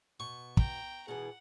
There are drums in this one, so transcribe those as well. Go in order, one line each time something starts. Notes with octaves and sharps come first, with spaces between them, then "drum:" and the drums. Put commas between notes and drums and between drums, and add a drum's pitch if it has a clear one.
B2 C#6
G5 A#5, drum: kick
B2 E3 G#4 F#5